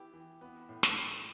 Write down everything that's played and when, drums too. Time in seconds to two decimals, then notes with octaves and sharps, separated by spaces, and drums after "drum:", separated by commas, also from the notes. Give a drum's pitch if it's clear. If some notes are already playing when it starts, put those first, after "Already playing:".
Already playing: E3 B3 E4 G4
0.14 E3
0.41 B3
0.69 A2
0.83 drum: snare